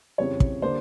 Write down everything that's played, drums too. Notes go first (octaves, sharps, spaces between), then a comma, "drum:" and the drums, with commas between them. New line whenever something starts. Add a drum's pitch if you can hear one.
F2 C#3 E3 G3 C#5
drum: kick
D3 G3 A#3 D4 C5